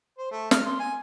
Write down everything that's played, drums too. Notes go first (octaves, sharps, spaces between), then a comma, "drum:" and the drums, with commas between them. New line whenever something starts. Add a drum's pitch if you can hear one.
C5
A3
F6, drum: snare
C6
G#5